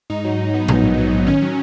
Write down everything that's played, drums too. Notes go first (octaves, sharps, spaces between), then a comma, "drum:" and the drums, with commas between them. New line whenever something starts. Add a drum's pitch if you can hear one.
G#2 D#4
F#3
F#3
B3
A#1, drum: tom A2
F#3
F#3
A#1
D#3 C#4
F#3